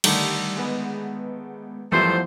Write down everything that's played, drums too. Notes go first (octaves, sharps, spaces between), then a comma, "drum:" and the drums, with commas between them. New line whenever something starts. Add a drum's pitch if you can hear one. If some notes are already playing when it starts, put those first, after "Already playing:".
D3 D#3 G3 A3, drum: cymbal
G#3 B3
F#2 E3 F3 G3 A3 B3 C5